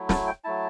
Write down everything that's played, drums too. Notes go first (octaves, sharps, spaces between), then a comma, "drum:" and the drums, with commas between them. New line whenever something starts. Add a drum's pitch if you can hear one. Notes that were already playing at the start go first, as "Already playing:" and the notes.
Already playing: F#3 A3 E4
A5, drum: snare
G5
F#3 A3 E4 A5